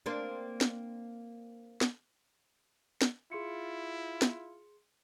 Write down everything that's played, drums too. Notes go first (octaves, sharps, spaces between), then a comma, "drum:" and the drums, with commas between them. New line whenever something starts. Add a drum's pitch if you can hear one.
A#3 C4 D4
drum: snare
drum: snare
drum: snare
E4 F4 G#4 C6 C#7
drum: snare